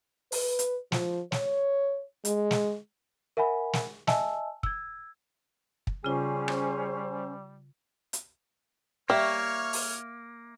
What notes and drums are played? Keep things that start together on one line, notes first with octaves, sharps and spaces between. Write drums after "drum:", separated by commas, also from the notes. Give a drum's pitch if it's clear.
B4, drum: open hi-hat
drum: hi-hat
F3, drum: snare
C#5, drum: snare
G#3, drum: hi-hat
drum: snare
A#4 E5 F#5 G#5 B5
drum: snare
D#5 E5 G#5 A5 E6, drum: snare
E6 G#6, drum: kick
drum: kick
C#3 G3 C#4 F4 G#4 C5
drum: rim click
drum: hi-hat
G3 A#3 C#5 E5 C#6 F6
drum: open hi-hat